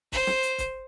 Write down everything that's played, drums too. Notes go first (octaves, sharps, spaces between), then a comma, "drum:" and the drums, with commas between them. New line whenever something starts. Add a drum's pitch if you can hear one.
C5, drum: kick, open hi-hat
drum: snare
drum: hi-hat
drum: kick, hi-hat